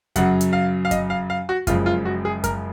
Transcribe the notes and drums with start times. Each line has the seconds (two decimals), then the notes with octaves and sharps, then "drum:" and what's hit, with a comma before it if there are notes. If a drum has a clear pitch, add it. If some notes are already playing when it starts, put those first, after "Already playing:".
0.16 F#2 C#3 F#3 F#5, drum: kick F#2, hi-hat
0.41 drum: hi-hat
0.53 F5
0.85 F5
0.91 D#5, drum: kick F#2, hi-hat
1.10 F5
1.30 F5
1.49 F#4
1.67 F#1 F#2 C#3 F3 G#3 F4, drum: kick F#2, hi-hat
1.86 F4
2.05 F#4
2.25 G#4
2.44 A#4, drum: kick F#2, hi-hat